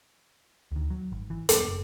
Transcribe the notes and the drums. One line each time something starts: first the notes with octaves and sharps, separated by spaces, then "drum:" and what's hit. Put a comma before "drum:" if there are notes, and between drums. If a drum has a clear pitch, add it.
D2 D#3
F#3
G#1
E3
E1 G2 B3, drum: hi-hat
F#1